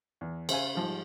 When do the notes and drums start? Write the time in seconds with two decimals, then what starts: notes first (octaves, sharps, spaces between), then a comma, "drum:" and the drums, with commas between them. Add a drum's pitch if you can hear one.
0.21 E2
0.49 C#3 C5 E5 F5 G#5, drum: cymbal
0.75 G#2 F3 G3